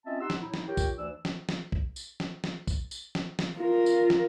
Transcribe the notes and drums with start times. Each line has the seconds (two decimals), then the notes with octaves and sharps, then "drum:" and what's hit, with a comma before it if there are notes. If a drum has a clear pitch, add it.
0.06 C4 C#4 F4 D#5 E5 A5
0.20 D#4 G4 F#5 C6 E6
0.30 drum: snare
0.41 A2 D#4 E4
0.54 drum: snare
0.68 F4 G4 A#4 C#5 G5
0.77 drum: kick, tambourine
0.97 D2 E3 D4 D5 E6
1.25 drum: snare
1.49 drum: snare
1.72 drum: kick
1.96 drum: tambourine
2.20 drum: snare
2.44 drum: snare
2.67 drum: kick, tambourine
2.91 drum: tambourine
3.15 drum: snare
3.39 drum: snare
3.56 F4 A#4
3.86 drum: tambourine
4.10 drum: snare